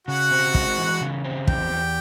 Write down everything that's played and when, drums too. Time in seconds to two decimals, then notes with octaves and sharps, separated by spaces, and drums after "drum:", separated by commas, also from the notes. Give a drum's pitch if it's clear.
0.07 C#3 F#4 F#5
0.31 C4
0.54 G#3, drum: kick
0.78 E3
1.01 C#3
1.25 C4
1.47 E2 G4 G5, drum: kick
1.71 E2